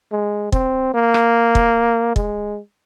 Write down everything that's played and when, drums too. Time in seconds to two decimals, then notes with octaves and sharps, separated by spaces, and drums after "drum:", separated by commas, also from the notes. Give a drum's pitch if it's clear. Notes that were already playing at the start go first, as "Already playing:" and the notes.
0.12 G#3
0.52 C4, drum: kick
0.94 A#3
1.14 drum: rim click
1.55 drum: kick
2.16 G#3, drum: kick